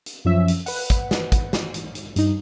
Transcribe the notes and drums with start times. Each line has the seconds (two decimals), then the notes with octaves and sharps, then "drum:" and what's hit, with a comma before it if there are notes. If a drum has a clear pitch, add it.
0.06 drum: hi-hat
0.25 F#2 F3 C#4 E5
0.48 drum: hi-hat
0.66 B4 F#5, drum: open hi-hat
0.90 drum: kick, hi-hat
1.11 drum: snare
1.32 drum: kick, hi-hat
1.53 drum: snare
1.74 drum: hi-hat
1.95 drum: hi-hat
2.16 G2 D#4, drum: hi-hat